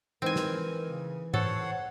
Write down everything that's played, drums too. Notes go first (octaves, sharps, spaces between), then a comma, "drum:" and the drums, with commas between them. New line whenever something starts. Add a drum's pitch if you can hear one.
E3 G#3 C4 D#4 A#4 G#5
drum: snare
C#3
A4 C5 C#5 F#5, drum: tom G#2